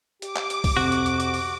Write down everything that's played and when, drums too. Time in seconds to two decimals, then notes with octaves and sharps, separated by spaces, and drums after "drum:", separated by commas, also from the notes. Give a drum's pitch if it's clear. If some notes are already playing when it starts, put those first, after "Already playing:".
0.22 G4 D6, drum: hi-hat
0.36 drum: clap
0.50 drum: hi-hat
0.64 drum: kick C2, open hi-hat
0.77 F2 C3 F#4
0.92 drum: hi-hat
1.06 drum: hi-hat
1.20 drum: hi-hat
1.34 drum: open hi-hat